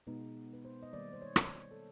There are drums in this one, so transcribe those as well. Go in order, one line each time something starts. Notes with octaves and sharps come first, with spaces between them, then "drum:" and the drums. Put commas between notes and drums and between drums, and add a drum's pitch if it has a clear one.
B2 G#3 B3 D#4
B4
C5
D#5
D#3 G3 A#3 D5
C5
C#5
drum: rim click
A4